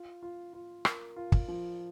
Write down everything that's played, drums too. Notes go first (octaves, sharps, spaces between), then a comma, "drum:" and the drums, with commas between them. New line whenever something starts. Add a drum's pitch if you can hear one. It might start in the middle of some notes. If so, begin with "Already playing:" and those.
Already playing: F4
F4
F4
A#4, drum: rim click
F4
drum: kick
F3